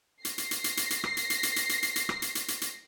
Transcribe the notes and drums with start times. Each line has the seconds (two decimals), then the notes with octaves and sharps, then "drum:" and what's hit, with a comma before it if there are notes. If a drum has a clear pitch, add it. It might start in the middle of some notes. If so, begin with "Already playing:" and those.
0.25 A#6 C7, drum: hi-hat
0.38 drum: hi-hat
0.51 drum: hi-hat
0.64 drum: hi-hat
0.77 drum: hi-hat
0.90 drum: hi-hat
1.04 drum: rim click
1.17 drum: hi-hat
1.30 drum: hi-hat
1.43 drum: hi-hat
1.56 drum: hi-hat
1.69 drum: hi-hat
1.83 drum: hi-hat
1.96 drum: hi-hat
2.09 drum: rim click
2.22 drum: hi-hat
2.35 drum: hi-hat
2.48 drum: hi-hat
2.61 drum: hi-hat